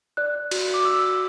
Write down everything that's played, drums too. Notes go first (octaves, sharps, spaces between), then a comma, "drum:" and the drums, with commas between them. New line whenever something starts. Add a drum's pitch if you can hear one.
D5 F#6
F#4, drum: cymbal
D6
F#4 E6